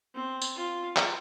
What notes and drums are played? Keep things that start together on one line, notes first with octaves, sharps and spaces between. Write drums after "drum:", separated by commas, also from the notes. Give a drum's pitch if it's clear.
C4
drum: tambourine
F4
drum: clap